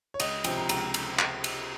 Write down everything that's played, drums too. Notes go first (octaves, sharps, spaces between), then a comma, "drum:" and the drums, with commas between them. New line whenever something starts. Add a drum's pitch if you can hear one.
C#5
C#2 D#5, drum: cymbal
C3 F3 G5, drum: cymbal
A#5
C#2 A#5, drum: cymbal
drum: cymbal
drum: clap
drum: cymbal